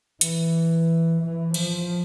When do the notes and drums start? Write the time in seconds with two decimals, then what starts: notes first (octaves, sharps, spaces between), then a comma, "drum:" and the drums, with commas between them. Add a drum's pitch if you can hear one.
0.21 E3, drum: hi-hat
1.21 E3
1.54 F3, drum: cymbal